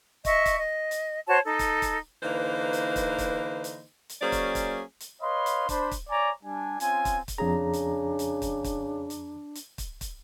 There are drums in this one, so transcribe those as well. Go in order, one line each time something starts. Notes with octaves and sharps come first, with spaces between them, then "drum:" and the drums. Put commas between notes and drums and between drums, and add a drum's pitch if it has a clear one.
D#5 E5 C#6, drum: kick, hi-hat
drum: kick, hi-hat
D#5
drum: hi-hat
F#4 C5 C#5 A5
D#4 A4
drum: kick, hi-hat
drum: kick, hi-hat
D3 E3 A#3 D#4 B4 C5
drum: hi-hat
drum: kick, hi-hat
drum: kick, hi-hat
drum: hi-hat
drum: hi-hat
F#3 A#3 C#4 G#4 C5 D5
drum: kick, hi-hat
drum: kick, hi-hat
drum: hi-hat
B4 C#5 D#5 F5 B5 C6
drum: hi-hat
D4 C5 B5, drum: kick, hi-hat
drum: kick, hi-hat
C#5 D5 G#5 A#5 D6
G3 D4 G#5
C4 C#4 F4 G#5, drum: hi-hat
drum: kick, hi-hat
drum: kick, hi-hat
F2 C#3 D4 G#4 A#5
drum: hi-hat
drum: hi-hat
drum: kick, hi-hat
drum: kick, hi-hat
drum: hi-hat
drum: hi-hat
drum: kick, hi-hat
drum: kick, hi-hat